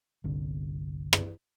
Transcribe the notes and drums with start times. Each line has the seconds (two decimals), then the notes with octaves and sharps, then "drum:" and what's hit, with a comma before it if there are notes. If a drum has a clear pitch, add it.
0.24 G1 C2 D3
1.13 drum: rim click